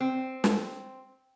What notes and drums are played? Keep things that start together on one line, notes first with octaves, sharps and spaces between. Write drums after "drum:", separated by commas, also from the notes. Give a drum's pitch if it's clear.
C4
drum: snare